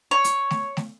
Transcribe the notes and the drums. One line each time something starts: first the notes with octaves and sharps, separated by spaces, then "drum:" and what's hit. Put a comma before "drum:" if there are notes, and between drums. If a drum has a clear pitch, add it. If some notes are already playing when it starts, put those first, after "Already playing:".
C#5
drum: hi-hat
drum: snare A3
drum: snare A3